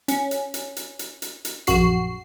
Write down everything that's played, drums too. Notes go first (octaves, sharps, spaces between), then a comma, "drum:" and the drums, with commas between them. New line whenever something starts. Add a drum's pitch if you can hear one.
C#4, drum: hi-hat
drum: hi-hat
drum: hi-hat
drum: hi-hat
drum: hi-hat
drum: hi-hat
drum: hi-hat
A#1 F#2 F#4 C7, drum: hi-hat